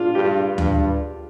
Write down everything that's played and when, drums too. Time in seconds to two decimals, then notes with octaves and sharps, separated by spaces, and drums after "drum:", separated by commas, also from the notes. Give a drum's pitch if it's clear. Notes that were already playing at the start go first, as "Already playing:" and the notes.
Already playing: D4 F4
0.15 G2 G4
0.58 G2, drum: tom D2